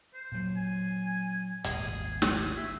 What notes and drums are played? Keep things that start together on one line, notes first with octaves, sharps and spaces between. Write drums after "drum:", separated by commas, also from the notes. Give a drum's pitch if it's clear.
C5
A#2 F#3
G#5
D#1 G#1 A#2 G#4, drum: hi-hat
G#4, drum: snare
E5